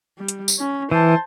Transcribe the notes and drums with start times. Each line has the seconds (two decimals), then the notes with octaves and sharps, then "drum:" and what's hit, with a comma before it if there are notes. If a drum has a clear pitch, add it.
0.18 G3
0.28 drum: hi-hat
0.48 drum: tambourine
0.59 C#4
0.91 E3 C5 A5